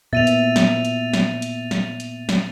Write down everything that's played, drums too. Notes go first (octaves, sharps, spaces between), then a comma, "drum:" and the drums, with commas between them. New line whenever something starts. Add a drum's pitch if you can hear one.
A#2 B3 E5 A6 D#7 F7
drum: hi-hat
drum: snare
drum: hi-hat
drum: snare
drum: hi-hat
drum: snare
drum: hi-hat
drum: snare